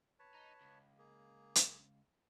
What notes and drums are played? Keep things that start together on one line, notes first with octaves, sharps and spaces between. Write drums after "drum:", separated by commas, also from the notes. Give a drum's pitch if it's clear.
B4 C#5 A5
D#4
C#2
A#3 G#4
drum: hi-hat